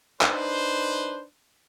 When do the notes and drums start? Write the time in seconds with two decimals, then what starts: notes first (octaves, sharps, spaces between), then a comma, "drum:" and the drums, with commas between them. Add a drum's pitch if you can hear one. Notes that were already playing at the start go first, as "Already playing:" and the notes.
0.21 D4 D#4 B4 C5, drum: clap